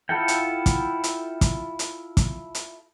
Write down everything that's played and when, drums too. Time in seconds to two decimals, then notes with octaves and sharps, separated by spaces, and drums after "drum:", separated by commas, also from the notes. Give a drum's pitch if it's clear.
0.09 E4 F4 A4 F#5 G5
0.28 drum: hi-hat
0.66 drum: kick, hi-hat
1.04 drum: hi-hat
1.41 drum: kick, hi-hat
1.79 drum: hi-hat
2.17 drum: kick, hi-hat
2.55 drum: hi-hat